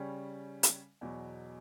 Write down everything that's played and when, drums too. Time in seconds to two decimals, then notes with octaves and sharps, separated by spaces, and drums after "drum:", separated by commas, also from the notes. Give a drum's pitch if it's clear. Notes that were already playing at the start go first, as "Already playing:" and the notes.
Already playing: C#3 G3 C#4
0.63 drum: hi-hat
1.01 E2 B2 F#3